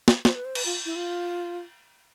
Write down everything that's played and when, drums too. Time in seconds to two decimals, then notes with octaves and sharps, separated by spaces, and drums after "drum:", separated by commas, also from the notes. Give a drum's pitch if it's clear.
0.08 drum: snare
0.25 C5, drum: snare
0.35 B4
0.45 C5
0.55 B4, drum: cymbal
0.66 F4
0.85 E4
0.96 F4